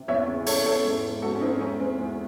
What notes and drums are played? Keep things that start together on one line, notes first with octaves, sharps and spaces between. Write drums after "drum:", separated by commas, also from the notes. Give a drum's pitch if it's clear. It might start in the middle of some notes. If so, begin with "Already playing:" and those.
Already playing: C3
E2 C#5 E5
C#3
C#3 A4 C#5, drum: open hi-hat
E2 A4 C#5
G#2
G#2
G#2 F#4 A4
C#4
G#2 C4 D#4
E2 C#4
G#3 C4
E2